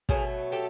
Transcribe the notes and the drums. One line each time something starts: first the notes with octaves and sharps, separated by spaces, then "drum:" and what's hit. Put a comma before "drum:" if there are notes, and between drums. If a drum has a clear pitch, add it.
B2 F#3 A3 G#4 A#4, drum: kick
G4 A4